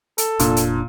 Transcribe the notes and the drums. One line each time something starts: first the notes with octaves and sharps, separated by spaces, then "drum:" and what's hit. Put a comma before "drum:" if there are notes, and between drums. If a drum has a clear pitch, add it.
A4, drum: hi-hat
F1 A#2 D4, drum: hi-hat
drum: hi-hat